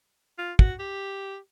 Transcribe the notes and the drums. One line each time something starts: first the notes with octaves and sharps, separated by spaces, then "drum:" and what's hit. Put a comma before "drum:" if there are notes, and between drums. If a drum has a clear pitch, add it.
F4
F#4, drum: kick
G4